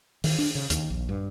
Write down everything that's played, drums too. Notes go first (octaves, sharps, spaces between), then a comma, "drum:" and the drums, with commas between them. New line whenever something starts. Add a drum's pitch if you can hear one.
D#3, drum: open hi-hat
D4
C#3
D#2, drum: hi-hat
A#1
G2